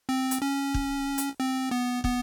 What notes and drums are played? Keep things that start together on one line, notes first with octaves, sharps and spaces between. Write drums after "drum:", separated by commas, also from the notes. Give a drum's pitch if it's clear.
C4
drum: hi-hat
C#4
drum: kick
drum: hi-hat
C4
B3
B3, drum: kick